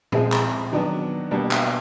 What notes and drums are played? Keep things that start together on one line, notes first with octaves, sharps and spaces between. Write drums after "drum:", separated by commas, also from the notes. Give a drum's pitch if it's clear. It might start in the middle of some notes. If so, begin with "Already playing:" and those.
F3 G#3 C4 E4 G#4, drum: tom A#2
drum: clap
D#3 F#3 B3 D4
B2 G3 A#3 D4
drum: clap